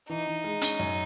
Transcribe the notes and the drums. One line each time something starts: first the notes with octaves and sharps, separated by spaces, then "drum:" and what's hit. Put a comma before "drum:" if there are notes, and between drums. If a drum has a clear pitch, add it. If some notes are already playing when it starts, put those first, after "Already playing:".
E3 D#4
E3
G#3
C#4, drum: hi-hat
F#2